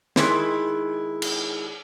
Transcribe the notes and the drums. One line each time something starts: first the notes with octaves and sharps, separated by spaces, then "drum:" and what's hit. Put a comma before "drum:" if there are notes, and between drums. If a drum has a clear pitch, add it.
D#3 G#3 E4, drum: snare
drum: cymbal